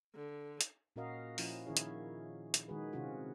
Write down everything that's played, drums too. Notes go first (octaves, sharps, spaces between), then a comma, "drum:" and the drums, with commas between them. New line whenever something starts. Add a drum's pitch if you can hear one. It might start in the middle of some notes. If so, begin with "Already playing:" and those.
D3
drum: hi-hat
A#2 C#4 F#4 A#4 D#5 F5
F3 C#4 E4 F4, drum: open hi-hat
D#3 C#4 E4 G#4 C#5
drum: hi-hat
drum: hi-hat
D#3 G#3 D#4 F#4 G#4 B4
C3 D#3 C4 C#4 F4 F#4